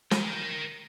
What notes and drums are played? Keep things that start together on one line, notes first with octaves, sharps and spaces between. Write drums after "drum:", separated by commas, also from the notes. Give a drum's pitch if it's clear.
A#4 G5, drum: snare